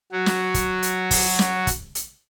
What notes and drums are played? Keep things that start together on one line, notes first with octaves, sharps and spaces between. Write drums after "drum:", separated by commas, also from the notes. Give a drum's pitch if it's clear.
F#3 F#4
drum: snare
drum: kick, hi-hat
drum: hi-hat
drum: kick, open hi-hat
drum: snare
drum: kick, hi-hat
drum: hi-hat